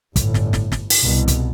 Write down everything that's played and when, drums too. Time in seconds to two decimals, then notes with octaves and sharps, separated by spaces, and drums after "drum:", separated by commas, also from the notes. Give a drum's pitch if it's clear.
0.16 G1 A2, drum: kick, hi-hat
0.34 drum: snare
0.53 drum: snare
0.72 drum: snare
0.90 drum: open hi-hat
1.00 C2 B2
1.28 drum: kick, hi-hat